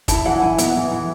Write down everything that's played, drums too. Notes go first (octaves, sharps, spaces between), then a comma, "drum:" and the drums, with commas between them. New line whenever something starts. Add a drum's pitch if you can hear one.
E4 A5, drum: kick, hi-hat
E3 F#5
E4 G#5
B3 F#5, drum: hi-hat
E3
E3